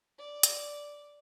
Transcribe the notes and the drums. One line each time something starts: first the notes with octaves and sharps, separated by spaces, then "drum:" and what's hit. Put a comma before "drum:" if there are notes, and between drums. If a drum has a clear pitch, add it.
D5
drum: hi-hat